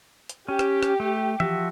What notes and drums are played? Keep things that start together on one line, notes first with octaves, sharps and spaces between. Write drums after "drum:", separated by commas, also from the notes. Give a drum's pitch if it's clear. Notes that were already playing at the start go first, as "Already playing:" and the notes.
drum: hi-hat
C#4 G4
drum: rim click
drum: rim click
A3
F3 F#4 E5, drum: tom E3